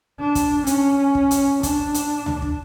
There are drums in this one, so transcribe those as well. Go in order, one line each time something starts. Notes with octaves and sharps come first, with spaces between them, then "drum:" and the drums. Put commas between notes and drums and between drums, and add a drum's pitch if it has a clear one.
D4
drum: kick, hi-hat
C#4, drum: hi-hat
drum: kick
drum: hi-hat
D4, drum: kick, hi-hat
drum: hi-hat
drum: tom D2
drum: kick